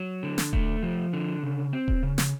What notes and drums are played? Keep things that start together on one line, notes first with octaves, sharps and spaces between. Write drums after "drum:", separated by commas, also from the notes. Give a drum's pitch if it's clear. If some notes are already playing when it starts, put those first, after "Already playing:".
Already playing: F#3
D3
drum: snare
A3, drum: kick D#1
F3
D3
C#3
C4
drum: kick D#1
C#3
drum: snare